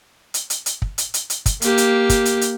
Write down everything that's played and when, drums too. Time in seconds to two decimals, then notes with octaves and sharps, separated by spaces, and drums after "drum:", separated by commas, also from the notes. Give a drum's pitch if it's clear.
0.34 drum: hi-hat
0.50 drum: hi-hat
0.66 drum: hi-hat
0.82 drum: kick
0.98 drum: hi-hat
1.14 drum: hi-hat
1.30 drum: hi-hat
1.46 drum: kick, hi-hat
1.62 A#3 G4, drum: hi-hat
1.78 drum: hi-hat
2.09 drum: kick, hi-hat
2.25 drum: hi-hat
2.41 drum: hi-hat